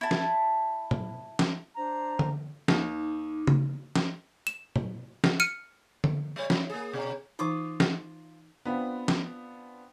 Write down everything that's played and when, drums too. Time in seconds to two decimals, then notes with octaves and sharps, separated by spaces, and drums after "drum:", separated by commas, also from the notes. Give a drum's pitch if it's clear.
0.01 E4 A5
0.11 drum: snare
0.91 drum: tom
1.39 drum: snare
1.76 D4 C5 A#5
2.19 drum: tom D3
2.68 D#2 D#4 D6, drum: snare
3.47 drum: tom C#3
3.96 drum: snare
4.47 E7
4.76 drum: tom
5.24 drum: snare
5.40 F6 C#7 D#7
6.04 drum: tom D3
6.36 G3 C#5
6.50 E4, drum: snare
6.70 A#3 G#4
6.93 B2
7.39 E3 D#4 F4 D6 D#6
7.80 drum: snare
8.65 B3 C4 D4 F4 G5 B5
9.08 drum: snare